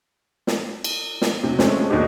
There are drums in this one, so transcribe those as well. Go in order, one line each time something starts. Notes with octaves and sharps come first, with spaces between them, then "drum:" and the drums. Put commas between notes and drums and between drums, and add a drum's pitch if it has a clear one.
drum: snare
drum: cymbal
drum: snare
C3 F#3
F3 G#3 A3 C4 C#4, drum: snare
D#2 B2 A3 D4 D#4 G4